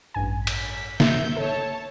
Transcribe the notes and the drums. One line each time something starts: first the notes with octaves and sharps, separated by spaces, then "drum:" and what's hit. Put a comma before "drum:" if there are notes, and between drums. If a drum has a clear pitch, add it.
A1 G2 G#5
B6, drum: cymbal
E5 G6, drum: snare
A4 C#5 A5